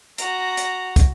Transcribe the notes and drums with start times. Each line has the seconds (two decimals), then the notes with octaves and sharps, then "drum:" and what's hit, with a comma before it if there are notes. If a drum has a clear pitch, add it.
0.18 F#4 A#5, drum: hi-hat
0.57 drum: hi-hat
0.96 drum: kick, hi-hat